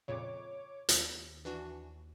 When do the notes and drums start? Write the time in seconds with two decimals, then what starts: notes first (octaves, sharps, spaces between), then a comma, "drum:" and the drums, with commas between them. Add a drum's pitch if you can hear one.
0.08 F2 A#2 C#3 C#5 D6
0.89 D#2, drum: hi-hat
1.45 E3 D4 F#4